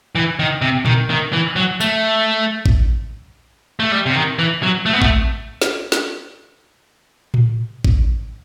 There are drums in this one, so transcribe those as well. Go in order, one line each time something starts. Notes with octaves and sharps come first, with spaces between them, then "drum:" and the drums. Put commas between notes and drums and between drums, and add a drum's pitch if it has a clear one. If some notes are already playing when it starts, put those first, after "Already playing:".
E3
D#3
C3
D#3, drum: tom A#2
D#3
E3
F#3
A3, drum: tambourine
drum: kick A1
A3
G3
C3
D#3
E3
F#3
A3
B3
A3, drum: kick A1
drum: snare
drum: snare
drum: tom A2
drum: kick A1